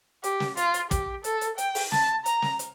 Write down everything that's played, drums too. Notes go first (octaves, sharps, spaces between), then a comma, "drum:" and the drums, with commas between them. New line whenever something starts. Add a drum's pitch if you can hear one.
G4, drum: hi-hat
drum: snare
F4, drum: hi-hat
drum: hi-hat
G4, drum: kick, hi-hat
A4, drum: hi-hat
drum: hi-hat
G5, drum: hi-hat
drum: open hi-hat
A5, drum: snare
A#5, drum: hi-hat
drum: snare
drum: hi-hat